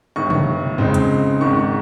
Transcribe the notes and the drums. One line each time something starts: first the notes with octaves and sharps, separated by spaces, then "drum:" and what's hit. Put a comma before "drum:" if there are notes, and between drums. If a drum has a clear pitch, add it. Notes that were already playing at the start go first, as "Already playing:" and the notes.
G1 G2 D#3 C#6
drum: tom
C#2 C#3 G#3 C4 D#4, drum: tom E2
drum: hi-hat
G#1 G#2 D#3 C#6